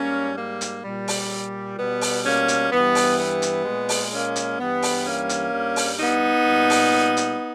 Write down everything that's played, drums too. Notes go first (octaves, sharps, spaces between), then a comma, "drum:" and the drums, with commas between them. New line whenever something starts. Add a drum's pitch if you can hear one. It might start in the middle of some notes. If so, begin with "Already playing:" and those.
Already playing: G#2 G3 A#3 C#4
A#3
drum: hi-hat
A#2 G3
drum: open hi-hat
B2 G3 B3
drum: open hi-hat
A#3 C#4
drum: hi-hat
G2 E3 G3 B3
drum: open hi-hat
B3
drum: hi-hat
A#2 G#3
drum: open hi-hat
A#3 C#4
drum: hi-hat
G2 E3 G3 B3
drum: open hi-hat
A#3 C#4
drum: hi-hat
G2 G3
drum: open hi-hat
B3 D#4
A#2 G3
drum: open hi-hat
drum: hi-hat